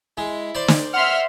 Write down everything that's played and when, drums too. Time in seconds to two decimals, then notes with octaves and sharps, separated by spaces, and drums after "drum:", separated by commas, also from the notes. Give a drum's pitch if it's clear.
0.17 G#3 E4
0.55 C5 D5
0.68 drum: snare
0.94 E5 F#5 C6 F6